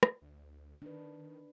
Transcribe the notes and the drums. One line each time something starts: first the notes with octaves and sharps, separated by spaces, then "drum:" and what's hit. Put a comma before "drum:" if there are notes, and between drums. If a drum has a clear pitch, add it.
drum: rim click
D2
D#3 D4 B4